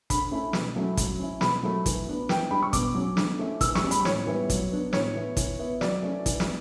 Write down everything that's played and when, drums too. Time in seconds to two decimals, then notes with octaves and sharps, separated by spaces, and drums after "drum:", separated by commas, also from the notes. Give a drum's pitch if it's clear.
0.10 D3 B5, drum: kick, hi-hat
0.31 A3 C#4 E4
0.53 B2, drum: snare
0.76 F#3 A3 C#4 E4
0.97 F#3, drum: kick, hi-hat
1.19 C#4 E4
1.41 B2 B5, drum: snare
1.63 F#3 A3
1.86 E3, drum: kick, hi-hat
2.07 B3 D4
2.29 E3 G5, drum: snare
2.51 G3 D4 B5
2.63 C#6
2.73 B2 D6, drum: kick, hi-hat
2.95 F#3 C#4
3.17 D3, drum: snare
3.39 A3 C#4 E4
3.61 E3 E6, drum: kick, hi-hat
3.75 C#6, drum: snare
3.83 G3 C#4
3.91 B5, drum: hi-hat
4.05 A2 C#5, drum: snare
4.27 E3 G3 B3 E4
4.50 F#3, drum: kick, hi-hat
4.71 B3 D4
4.93 A2 C#5, drum: snare
5.15 E3 B3 E4
5.37 E3, drum: kick, hi-hat
5.59 B3 E4
5.81 F#3 D5, drum: snare
6.03 A3 C#4 E4
6.26 E3, drum: kick, hi-hat
6.40 drum: snare